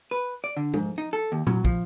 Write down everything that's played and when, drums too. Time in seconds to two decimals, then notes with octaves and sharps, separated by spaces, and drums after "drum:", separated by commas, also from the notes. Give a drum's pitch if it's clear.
0.11 B4
0.44 D5
0.57 D3
0.74 G#2, drum: tom
0.98 D#4
1.13 A4
1.32 D#2
1.47 F#3, drum: tom A#2
1.65 F3, drum: kick